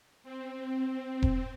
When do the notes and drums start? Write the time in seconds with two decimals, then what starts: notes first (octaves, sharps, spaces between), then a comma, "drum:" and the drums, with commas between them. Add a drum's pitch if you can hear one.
0.24 C4
1.22 drum: kick E1